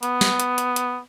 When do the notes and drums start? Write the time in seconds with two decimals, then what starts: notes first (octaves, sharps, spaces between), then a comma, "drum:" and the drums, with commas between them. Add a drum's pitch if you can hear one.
0.03 B3, drum: hi-hat
0.21 drum: snare
0.40 drum: hi-hat
0.58 drum: hi-hat
0.76 drum: hi-hat